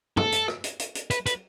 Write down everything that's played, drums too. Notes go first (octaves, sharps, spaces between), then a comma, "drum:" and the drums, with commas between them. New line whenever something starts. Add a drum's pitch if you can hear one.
A4, drum: tom G2
drum: hi-hat
drum: rim click
drum: hi-hat
drum: hi-hat
drum: hi-hat
B4, drum: hi-hat
B4, drum: hi-hat